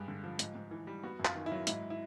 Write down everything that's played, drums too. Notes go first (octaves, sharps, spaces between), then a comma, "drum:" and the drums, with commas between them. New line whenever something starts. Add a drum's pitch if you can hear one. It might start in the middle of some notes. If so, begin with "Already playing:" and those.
Already playing: G2 G#3 G4
D3
F3
G#2, drum: hi-hat
G#2
E3
G3
B3 F#4
F#2
F4, drum: clap
D#3
E4
F#3
G#2 E4, drum: hi-hat
E4